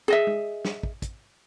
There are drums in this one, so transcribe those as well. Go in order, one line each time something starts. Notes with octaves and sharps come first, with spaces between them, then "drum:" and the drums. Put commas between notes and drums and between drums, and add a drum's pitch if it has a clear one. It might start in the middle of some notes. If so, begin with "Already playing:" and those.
G#4 D#5 E5
drum: tom G#3
drum: snare
drum: kick
drum: kick, hi-hat